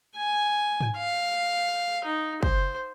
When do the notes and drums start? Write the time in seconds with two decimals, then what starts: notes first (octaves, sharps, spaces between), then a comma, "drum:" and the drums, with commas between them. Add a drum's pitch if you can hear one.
0.17 G#5
0.81 drum: tom G#2
0.97 F5
2.05 D#4
2.43 C5, drum: kick